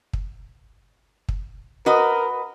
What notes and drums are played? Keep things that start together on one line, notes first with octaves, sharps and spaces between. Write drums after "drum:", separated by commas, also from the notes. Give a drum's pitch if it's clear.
drum: kick
drum: kick
F#4 A#4 B4 D#5